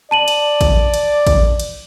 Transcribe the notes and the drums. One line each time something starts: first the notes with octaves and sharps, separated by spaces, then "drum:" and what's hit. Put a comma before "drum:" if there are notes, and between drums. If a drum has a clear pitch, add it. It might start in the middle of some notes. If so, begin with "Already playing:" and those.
D5 A5 D#7 F#7
drum: cymbal
drum: kick A1, cymbal
drum: cymbal
drum: kick A1, cymbal
drum: cymbal